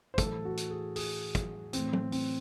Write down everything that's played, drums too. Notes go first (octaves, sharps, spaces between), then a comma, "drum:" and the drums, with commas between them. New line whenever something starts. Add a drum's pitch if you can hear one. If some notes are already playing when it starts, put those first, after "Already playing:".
C5
A2 E3 A4, drum: kick, hi-hat
F#4
drum: hi-hat
G#4
G#4, drum: open hi-hat
drum: kick, hi-hat
A2 E3 C4, drum: hi-hat
drum: tom
C4, drum: open hi-hat